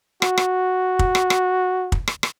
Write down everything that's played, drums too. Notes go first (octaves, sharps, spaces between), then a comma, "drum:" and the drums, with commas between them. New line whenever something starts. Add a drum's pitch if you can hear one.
F#4, drum: rim click
drum: rim click
drum: kick
drum: rim click
drum: rim click
drum: kick
drum: rim click
drum: rim click